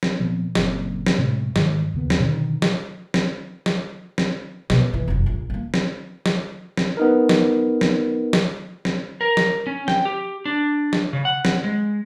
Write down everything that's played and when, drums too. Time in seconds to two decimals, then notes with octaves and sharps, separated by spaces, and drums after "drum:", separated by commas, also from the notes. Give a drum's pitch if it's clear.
0.03 drum: snare
0.20 A#2 F3 B3 C4
0.55 F#1 F#2 A#2 C4, drum: snare
1.06 drum: snare
1.18 A2 C3 G#3 A3
1.56 G#2 D#3 E3 G#3, drum: snare
1.94 D#2 C#3 B3
2.10 drum: snare
2.19 B2 D3 D#3
2.62 drum: snare
3.14 drum: snare
3.66 drum: snare
4.18 drum: snare
4.70 B2, drum: snare
4.94 E3
5.08 F1 F#2
5.26 A#1
5.50 A3 A#3
5.74 drum: snare
6.26 drum: snare
6.77 drum: snare
6.97 B3 D#4 A#4
7.29 drum: snare
7.81 drum: snare
8.33 drum: snare
8.85 drum: snare
9.21 A#4
9.37 drum: snare
9.67 C#4
9.88 G5, drum: snare
10.05 G4
10.45 D4
10.93 drum: snare
11.13 C#3
11.25 F#5
11.45 drum: snare
11.64 G#3